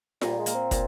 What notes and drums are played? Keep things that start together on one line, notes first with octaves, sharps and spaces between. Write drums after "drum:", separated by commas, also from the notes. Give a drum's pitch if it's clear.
A#2 G3, drum: snare F4
G#3
A#3, drum: hi-hat
C4
A#2, drum: kick, hi-hat